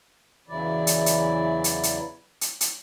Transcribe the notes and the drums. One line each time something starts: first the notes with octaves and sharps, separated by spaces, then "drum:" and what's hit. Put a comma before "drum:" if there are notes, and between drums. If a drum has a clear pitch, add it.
E2 C#3 E3 F#3 E4 D5
drum: hi-hat
drum: hi-hat
drum: hi-hat
drum: hi-hat
drum: hi-hat
drum: hi-hat